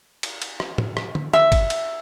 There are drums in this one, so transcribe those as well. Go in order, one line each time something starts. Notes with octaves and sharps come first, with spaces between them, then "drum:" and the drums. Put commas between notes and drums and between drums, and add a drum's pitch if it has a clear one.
drum: cymbal
drum: cymbal
drum: rim click
drum: tom A2
drum: rim click
drum: tom
E5, drum: rim click
drum: kick, cymbal
drum: cymbal